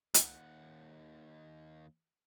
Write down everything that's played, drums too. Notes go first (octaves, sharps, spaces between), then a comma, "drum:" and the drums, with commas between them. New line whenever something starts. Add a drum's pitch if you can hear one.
D#2 F#5, drum: hi-hat